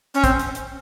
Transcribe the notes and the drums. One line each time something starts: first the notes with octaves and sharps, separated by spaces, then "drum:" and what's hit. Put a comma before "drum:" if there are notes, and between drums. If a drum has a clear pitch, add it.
C#4
C4, drum: kick, hi-hat
drum: hi-hat
drum: hi-hat